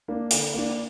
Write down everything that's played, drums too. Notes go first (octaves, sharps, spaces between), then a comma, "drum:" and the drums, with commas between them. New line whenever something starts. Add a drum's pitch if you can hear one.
A#3 D4
D3, drum: hi-hat
A#3 D4